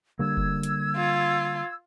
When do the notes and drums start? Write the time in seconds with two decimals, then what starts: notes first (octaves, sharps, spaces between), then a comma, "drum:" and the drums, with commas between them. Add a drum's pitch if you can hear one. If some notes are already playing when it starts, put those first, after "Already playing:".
0.19 D3 G3 A#3 E6 G#6
0.37 drum: kick F#1
0.63 drum: hi-hat
0.96 F4